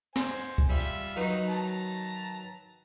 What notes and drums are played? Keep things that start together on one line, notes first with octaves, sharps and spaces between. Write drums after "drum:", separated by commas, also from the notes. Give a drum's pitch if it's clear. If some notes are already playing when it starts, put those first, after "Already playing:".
C5 G#5, drum: snare
drum: kick C#2
G3 F4 E5
drum: hi-hat
D#3 F#3 D#4 B4
A5 A#5, drum: hi-hat